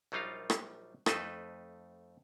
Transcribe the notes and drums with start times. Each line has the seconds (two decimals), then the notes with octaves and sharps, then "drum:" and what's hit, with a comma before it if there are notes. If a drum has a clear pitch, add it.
0.12 A#1 F#3 G3 D#4 F4 F5
0.50 drum: rim click
1.06 F2 A3 D#4 B4 C5, drum: rim click